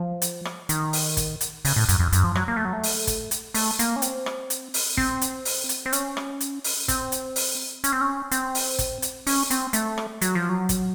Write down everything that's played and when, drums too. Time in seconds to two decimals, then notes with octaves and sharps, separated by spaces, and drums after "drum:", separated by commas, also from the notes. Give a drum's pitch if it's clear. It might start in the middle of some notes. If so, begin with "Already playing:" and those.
Already playing: F3
0.22 drum: hi-hat
0.45 drum: rim click
0.69 D#3, drum: hi-hat
0.93 drum: open hi-hat
1.17 drum: kick G#1, hi-hat
1.41 drum: hi-hat
1.65 C#3, drum: open hi-hat
1.76 A2
1.89 F#2, drum: hi-hat
2.00 F2
2.13 F#2, drum: hi-hat
2.24 F3
2.35 F#3, drum: rim click
2.48 A#3
2.56 A3
2.65 F#3
2.73 A3
2.83 drum: open hi-hat
3.07 drum: kick G#1, hi-hat
3.31 drum: hi-hat
3.54 A3, drum: open hi-hat
3.79 A#3, drum: hi-hat
3.96 C#4
4.02 C4, drum: hi-hat
4.26 drum: rim click
4.50 drum: hi-hat
4.74 drum: open hi-hat
4.97 C4, drum: kick G#1
5.21 drum: hi-hat
5.45 drum: open hi-hat
5.69 drum: hi-hat
5.86 C4
5.93 C#4, drum: hi-hat
6.17 drum: rim click
6.40 drum: hi-hat
6.64 drum: open hi-hat
6.88 C4, drum: kick G#1, hi-hat
7.12 drum: hi-hat
7.36 drum: open hi-hat
7.84 C#4, drum: hi-hat
7.92 C4
8.01 C#4
8.31 C4, drum: hi-hat
8.55 drum: open hi-hat
8.79 drum: kick G#1, hi-hat
9.02 drum: hi-hat
9.27 C#4, drum: open hi-hat
9.50 C4, drum: hi-hat
9.73 A3, drum: hi-hat
9.98 drum: rim click
10.21 F#3, drum: hi-hat
10.35 F3
10.49 F#3
10.69 drum: kick G#1, hi-hat